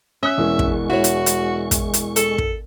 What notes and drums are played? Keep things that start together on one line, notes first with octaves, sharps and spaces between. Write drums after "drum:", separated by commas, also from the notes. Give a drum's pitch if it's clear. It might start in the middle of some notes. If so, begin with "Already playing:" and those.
C#4 E5 D#6 F#6
E1 E3 G#3 C#6
drum: kick
E4 F#4 C#5
drum: hi-hat
drum: hi-hat
drum: kick, hi-hat
drum: hi-hat
A4, drum: hi-hat
drum: kick